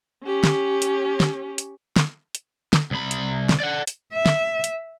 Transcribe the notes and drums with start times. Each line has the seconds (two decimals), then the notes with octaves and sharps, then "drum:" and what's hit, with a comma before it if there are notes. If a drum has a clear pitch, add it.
0.24 C#4 G4
0.44 drum: snare
0.82 drum: hi-hat
1.20 drum: snare
1.58 drum: hi-hat
1.96 drum: snare
2.35 drum: hi-hat
2.73 drum: snare
2.91 C2 B5
3.11 drum: hi-hat
3.49 drum: snare
3.60 D5 F#5
3.87 drum: hi-hat
4.14 E5
4.26 drum: snare
4.64 drum: hi-hat